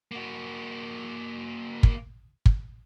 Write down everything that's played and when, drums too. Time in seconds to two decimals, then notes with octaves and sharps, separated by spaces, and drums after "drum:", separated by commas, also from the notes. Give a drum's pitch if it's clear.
0.12 A#3 F#4
1.83 drum: kick
2.46 drum: kick